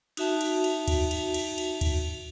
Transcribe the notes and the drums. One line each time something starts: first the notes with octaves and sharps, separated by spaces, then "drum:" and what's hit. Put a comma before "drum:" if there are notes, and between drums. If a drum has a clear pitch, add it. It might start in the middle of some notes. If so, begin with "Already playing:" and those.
D#4 F#4 E5 A5, drum: cymbal
drum: cymbal
drum: cymbal
drum: kick, cymbal
drum: cymbal
drum: cymbal
drum: cymbal
drum: kick, cymbal